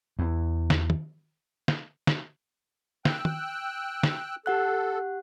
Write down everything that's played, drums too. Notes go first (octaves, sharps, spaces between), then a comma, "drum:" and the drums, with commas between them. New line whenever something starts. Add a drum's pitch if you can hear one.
E2
drum: snare
drum: tom
drum: snare
drum: snare
G5 E6 F#6, drum: snare
drum: tom
drum: snare
G4 A4 F#5 F#6